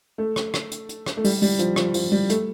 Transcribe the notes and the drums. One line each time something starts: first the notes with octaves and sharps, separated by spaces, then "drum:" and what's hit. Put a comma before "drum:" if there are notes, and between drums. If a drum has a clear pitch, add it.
A3
drum: rim click
drum: rim click
drum: hi-hat
drum: hi-hat
drum: rim click
A3
G3, drum: open hi-hat
G3, drum: open hi-hat
F3, drum: hi-hat
F3, drum: rim click
F3, drum: open hi-hat
G3
A3, drum: hi-hat